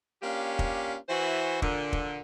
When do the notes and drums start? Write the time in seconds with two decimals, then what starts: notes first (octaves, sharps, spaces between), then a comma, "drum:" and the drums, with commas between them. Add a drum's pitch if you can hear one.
0.23 A#3 C#4 D4 F4 G4
0.59 drum: kick
1.09 E3 F#4 C5
1.62 A#2 D3, drum: kick
1.93 drum: kick